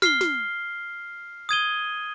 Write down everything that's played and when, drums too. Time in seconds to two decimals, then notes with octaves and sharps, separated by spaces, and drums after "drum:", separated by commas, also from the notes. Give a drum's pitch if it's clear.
0.02 F6 C7 G7, drum: snare
0.21 drum: snare
1.49 D#6 G#6 D#7 G7